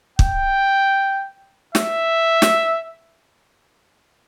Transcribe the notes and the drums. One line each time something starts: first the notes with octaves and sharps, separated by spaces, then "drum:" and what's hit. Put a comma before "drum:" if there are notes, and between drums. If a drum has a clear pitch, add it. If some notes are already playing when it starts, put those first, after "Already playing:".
G5, drum: kick
E5, drum: snare
drum: snare